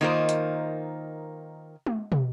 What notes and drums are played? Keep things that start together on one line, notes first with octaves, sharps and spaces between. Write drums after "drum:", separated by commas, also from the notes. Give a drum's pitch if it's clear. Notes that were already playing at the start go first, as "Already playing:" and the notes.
D#3 A#3 D#4 F4 A#4 C5
drum: hi-hat
drum: tom G#3
drum: tom